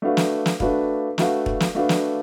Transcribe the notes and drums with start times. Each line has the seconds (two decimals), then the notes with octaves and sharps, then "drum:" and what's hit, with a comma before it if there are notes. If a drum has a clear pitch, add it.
0.02 A3 D4 F#4 B4 F5
0.17 drum: snare
0.46 drum: snare
0.60 A3 D4 F#4 B4 F5, drum: kick
1.18 A3 D4 F#4 B4 F5, drum: snare
1.46 drum: kick
1.60 drum: snare
1.75 A3 D4 F#4 B4 F5
1.89 drum: snare